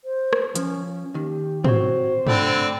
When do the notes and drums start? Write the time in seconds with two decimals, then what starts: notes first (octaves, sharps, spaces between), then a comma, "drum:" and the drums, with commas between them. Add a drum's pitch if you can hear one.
0.04 C5
0.33 drum: rim click
0.55 F3 C#4, drum: hi-hat
1.14 D#2 D#3 G4
1.64 C4 F#4 C5 C#5, drum: tom G#2
2.27 D3 A3 C4 D5 B5, drum: tom G2